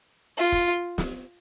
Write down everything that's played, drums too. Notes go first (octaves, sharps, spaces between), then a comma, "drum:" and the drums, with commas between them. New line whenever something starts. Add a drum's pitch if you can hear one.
F4
drum: kick
drum: snare